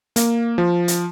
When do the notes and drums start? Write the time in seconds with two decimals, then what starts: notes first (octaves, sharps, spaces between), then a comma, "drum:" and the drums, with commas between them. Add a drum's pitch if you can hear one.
0.16 A#3, drum: hi-hat
0.58 F3
0.88 drum: hi-hat